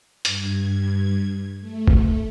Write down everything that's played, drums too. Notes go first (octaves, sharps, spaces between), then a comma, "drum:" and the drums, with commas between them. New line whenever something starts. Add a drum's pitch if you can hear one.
G2 G#6, drum: hi-hat
A3
drum: kick